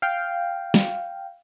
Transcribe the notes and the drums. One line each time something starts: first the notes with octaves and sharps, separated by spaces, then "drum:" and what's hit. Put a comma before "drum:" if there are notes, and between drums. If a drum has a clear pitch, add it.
F5 G5
drum: snare